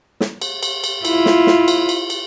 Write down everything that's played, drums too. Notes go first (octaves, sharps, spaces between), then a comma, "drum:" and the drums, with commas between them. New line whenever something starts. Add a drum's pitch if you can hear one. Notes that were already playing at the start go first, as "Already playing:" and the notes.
drum: snare
drum: cymbal
drum: cymbal
drum: cymbal
E4 F4, drum: cymbal
drum: snare
drum: snare
drum: cymbal
drum: cymbal
drum: cymbal